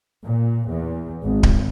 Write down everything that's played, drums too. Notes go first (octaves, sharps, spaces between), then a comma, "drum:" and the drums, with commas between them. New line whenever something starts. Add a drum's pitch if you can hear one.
A#2
E2
G#1
drum: kick D1